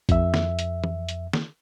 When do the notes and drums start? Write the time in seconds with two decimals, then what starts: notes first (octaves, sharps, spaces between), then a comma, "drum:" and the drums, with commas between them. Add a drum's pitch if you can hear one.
0.09 F2 E5, drum: kick A1, hi-hat
0.34 drum: snare
0.59 drum: hi-hat
0.84 drum: tom
1.09 drum: hi-hat
1.33 drum: snare